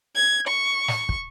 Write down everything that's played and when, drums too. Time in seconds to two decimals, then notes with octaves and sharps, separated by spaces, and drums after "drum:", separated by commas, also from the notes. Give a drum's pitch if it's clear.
0.15 G#6
0.47 C#6
0.88 drum: snare
1.09 drum: kick